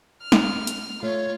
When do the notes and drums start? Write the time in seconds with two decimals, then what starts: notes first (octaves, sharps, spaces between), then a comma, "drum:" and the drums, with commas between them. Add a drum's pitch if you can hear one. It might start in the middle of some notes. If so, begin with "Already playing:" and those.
0.22 F6
0.32 drum: snare
0.67 drum: hi-hat
1.03 A3 F4 C#5